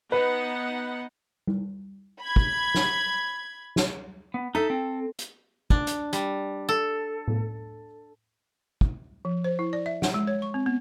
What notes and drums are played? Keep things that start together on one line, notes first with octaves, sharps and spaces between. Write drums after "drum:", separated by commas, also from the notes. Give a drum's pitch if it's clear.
B3 D#4 B4 F#5
drum: tom G3
B5 G#6
drum: kick
drum: snare
drum: snare
B3
D#4 A4 E5
C4
drum: hi-hat
D4, drum: kick
drum: hi-hat
G3, drum: hi-hat
A4
drum: tom A2
drum: kick
F3
C5
E4
D5
E5
F#5, drum: snare
G#3
C#5
C#6
C4
B3